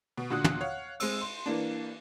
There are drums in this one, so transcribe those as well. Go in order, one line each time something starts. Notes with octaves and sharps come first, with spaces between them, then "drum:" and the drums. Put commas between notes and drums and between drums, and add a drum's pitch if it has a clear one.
B2
A#2 D3 F#4 D#6 F#6
drum: tom
C#5 F5 F#5
G#3 C4 E6, drum: cymbal
C6
E3 A#3 D4